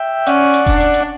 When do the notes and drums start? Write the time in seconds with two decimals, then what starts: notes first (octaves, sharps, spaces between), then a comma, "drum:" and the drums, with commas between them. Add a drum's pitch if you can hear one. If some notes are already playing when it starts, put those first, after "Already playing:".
Already playing: E5 G5
0.26 C#4 D5 F#5, drum: hi-hat
0.54 drum: hi-hat
0.66 D4, drum: kick F1, hi-hat
0.80 drum: hi-hat
0.94 drum: hi-hat